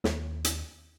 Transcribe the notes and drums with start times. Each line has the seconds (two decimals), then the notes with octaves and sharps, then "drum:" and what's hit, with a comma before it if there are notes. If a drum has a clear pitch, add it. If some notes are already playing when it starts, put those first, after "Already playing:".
0.04 D#2, drum: snare
0.44 drum: hi-hat